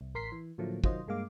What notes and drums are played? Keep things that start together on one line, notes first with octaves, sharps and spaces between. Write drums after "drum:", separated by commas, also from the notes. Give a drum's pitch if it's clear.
C2
A1 A#4 C6 B6 C7
E3
A2 D3 F3 F#3 A3 A#3
D#3 F#3 F4 C5 D#5, drum: kick
G2 G#3 A#3 F5 D6